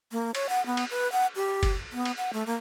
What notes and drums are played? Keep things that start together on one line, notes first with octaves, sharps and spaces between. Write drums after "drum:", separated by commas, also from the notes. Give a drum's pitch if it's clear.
A#3
C#5, drum: cymbal
F#5
B3
drum: cymbal
B4
F#5
G4
drum: kick, cymbal
B3
drum: cymbal
F#5
A3
A#3